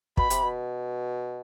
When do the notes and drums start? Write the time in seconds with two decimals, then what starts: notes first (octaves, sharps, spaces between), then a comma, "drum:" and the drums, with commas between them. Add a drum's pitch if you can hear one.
0.17 B2 B5, drum: kick
0.30 C3, drum: hi-hat
0.43 B2